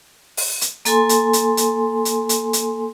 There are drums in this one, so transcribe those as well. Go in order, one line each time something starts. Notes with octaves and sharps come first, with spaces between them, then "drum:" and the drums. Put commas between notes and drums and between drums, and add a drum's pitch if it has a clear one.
drum: open hi-hat
drum: hi-hat
A#3 A4 G#5 C6, drum: hi-hat
drum: hi-hat
drum: hi-hat
drum: hi-hat
drum: hi-hat
drum: hi-hat
drum: hi-hat